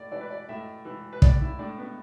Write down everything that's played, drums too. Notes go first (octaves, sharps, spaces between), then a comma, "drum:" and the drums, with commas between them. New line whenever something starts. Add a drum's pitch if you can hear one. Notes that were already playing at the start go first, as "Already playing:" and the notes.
Already playing: A2 D5
E3 D5
B4
D5
A2 E5
E3
B4
A2 D5, drum: kick
E4
A2 D4
B3